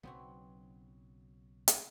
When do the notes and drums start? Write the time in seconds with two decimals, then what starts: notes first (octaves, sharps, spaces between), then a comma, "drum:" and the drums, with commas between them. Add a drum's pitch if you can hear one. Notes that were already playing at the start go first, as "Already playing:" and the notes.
0.03 B1 C#3 F#3 B3 C4 F#4
1.68 drum: hi-hat